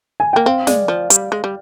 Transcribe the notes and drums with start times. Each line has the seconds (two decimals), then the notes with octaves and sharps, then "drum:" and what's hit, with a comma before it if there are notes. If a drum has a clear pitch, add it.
0.20 G#5
0.33 A#3 G5
0.46 C4 F5
0.67 G#3 D5, drum: snare
0.88 F3
1.10 G3, drum: hi-hat
1.32 G#3
1.44 G3